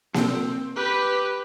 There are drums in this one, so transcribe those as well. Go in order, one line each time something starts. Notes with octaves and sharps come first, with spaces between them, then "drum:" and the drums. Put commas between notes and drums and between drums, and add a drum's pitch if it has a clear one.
C4, drum: snare A#3
G4 B4